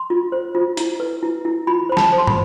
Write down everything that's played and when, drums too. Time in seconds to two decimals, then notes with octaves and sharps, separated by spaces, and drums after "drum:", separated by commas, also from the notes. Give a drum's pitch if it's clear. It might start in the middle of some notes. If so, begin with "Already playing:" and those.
Already playing: C6
0.10 F4
0.32 C5
0.55 F4
0.77 E4, drum: hi-hat
1.00 B4
1.23 E4
1.45 E4
1.67 F4 B5
1.89 C5 B5
1.97 A5, drum: snare
2.12 C5
2.18 C6
2.27 B5, drum: tom